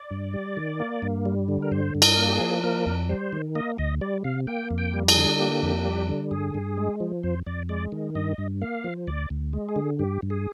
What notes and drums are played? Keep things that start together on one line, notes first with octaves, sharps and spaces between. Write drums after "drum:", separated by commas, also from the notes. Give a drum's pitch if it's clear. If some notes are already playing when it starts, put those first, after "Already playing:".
Already playing: D5
G2
G3
D#3
A#3
G2
G3
D3
A#4
G2 C5
G2
A#4, drum: cymbal
A#3
G4
G#4
F3
A#3 A#4
F2
G3 C5
D#3
A#3 D#5
D2 D#5
G3 D5
C3 F5
A#3 G5
F2
G5
G3
G#4, drum: cymbal
D3
A#3 G4
F2
G3
D3
G2 G#4
G2
G#3
F3
F2 C5
F2 D5
G#3 D5
D#3
G2 D#5
G2
A#3 F5
F3
D2 D5
D2
G#3
G#4
D3
G2 G4
G2
G#4